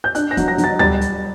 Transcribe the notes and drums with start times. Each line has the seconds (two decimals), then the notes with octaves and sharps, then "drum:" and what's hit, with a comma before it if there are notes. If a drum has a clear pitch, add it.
0.04 G6
0.15 D4 F#6, drum: hi-hat
0.31 A#6
0.37 F#3, drum: kick E1, hi-hat
0.48 A#6
0.58 F#3, drum: hi-hat
0.64 A6
0.79 G3 A6, drum: tom D2
1.01 drum: hi-hat